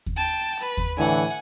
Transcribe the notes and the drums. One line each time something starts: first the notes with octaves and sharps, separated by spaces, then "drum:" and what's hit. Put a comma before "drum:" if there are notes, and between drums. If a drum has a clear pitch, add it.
drum: kick D#2
G5 A5
B4
drum: kick D#2
A2 D3 E3 F#5 G#5